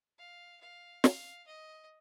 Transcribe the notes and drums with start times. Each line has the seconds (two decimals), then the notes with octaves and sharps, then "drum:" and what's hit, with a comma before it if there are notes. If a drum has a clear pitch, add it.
0.18 F5
0.60 F5
1.04 F5, drum: snare
1.46 D#5